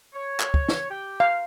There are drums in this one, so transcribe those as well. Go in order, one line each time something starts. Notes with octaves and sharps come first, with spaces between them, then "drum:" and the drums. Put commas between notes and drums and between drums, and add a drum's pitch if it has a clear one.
C#5
drum: clap
drum: kick
drum: snare
G4 G5
F5